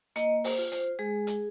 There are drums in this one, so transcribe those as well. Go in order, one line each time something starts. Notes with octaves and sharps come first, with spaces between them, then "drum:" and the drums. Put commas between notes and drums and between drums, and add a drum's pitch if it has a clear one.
A#3 D#5, drum: hi-hat
C5, drum: open hi-hat
F4
C5, drum: hi-hat
G#3 G#4
drum: hi-hat